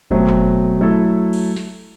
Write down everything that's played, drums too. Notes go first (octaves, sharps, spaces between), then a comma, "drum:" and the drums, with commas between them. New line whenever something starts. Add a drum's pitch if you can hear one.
B2 F#3 A3 C4, drum: kick G1
drum: clap
F#3 A3 E4 A4
drum: cymbal
drum: snare